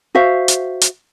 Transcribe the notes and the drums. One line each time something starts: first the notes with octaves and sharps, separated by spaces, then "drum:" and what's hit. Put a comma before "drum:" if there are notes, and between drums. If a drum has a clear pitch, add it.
F#4 C5 E5 F5
drum: hi-hat
drum: hi-hat